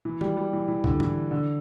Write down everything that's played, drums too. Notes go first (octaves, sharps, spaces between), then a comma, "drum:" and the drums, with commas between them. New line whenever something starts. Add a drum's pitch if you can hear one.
E3
G3, drum: tom D#3
G3
E3
E3
D3, drum: kick C2
E3, drum: tom G#2
D3